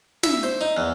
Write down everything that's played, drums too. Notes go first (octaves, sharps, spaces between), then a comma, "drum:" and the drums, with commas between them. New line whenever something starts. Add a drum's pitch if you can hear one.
E5, drum: snare
C5
D#4
E2